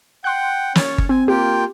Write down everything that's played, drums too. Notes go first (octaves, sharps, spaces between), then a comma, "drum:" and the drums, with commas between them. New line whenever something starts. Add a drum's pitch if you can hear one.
F#5 G5 C6 F#6
C#4 C#5 A6, drum: snare
drum: kick G1
C4 G#5
A#3 F4 G4 G5